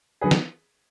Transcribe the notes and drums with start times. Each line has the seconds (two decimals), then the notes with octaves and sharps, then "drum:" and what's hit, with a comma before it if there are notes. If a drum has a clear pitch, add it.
0.21 D3 F#3 G#4 B4
0.31 drum: snare